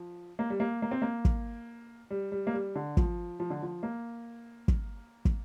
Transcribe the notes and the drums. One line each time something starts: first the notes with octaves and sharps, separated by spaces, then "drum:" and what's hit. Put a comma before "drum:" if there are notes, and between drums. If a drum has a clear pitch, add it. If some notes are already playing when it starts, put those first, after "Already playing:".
Already playing: F3
A#3
G3
A#3
A#3
C4
A#3
drum: kick
G3
G3
A#3
G3
D3
F3, drum: kick
F3
D3
F3
A#3
drum: kick
drum: kick